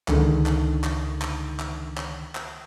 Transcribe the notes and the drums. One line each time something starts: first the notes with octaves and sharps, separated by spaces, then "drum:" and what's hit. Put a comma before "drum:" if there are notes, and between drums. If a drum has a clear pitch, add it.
C#2 D3 D#3, drum: clap
drum: clap
drum: clap
drum: clap
drum: clap
drum: clap
drum: clap